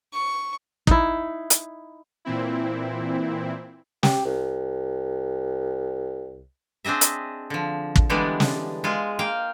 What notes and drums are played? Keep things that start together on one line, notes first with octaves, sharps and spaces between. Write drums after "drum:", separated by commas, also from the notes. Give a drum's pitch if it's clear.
C#6
D#4 E4, drum: kick
drum: hi-hat
A#2 E3 C4 E4
G4, drum: snare
C2
C4 D4 G#4 D#5 E5
drum: hi-hat
D3 F3
drum: kick
D3 E3 G3 G#3 B3 D4
drum: snare
G#3 F4 G#4
A#3 F5 G5